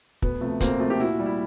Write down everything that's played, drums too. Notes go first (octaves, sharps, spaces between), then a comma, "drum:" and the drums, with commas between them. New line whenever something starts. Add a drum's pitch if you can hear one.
D2 B3, drum: kick
C3 F3 A3
D2 A#3 C4, drum: kick, hi-hat
C3 F3 A3
G4
A#2 E4 F#4
G3
E4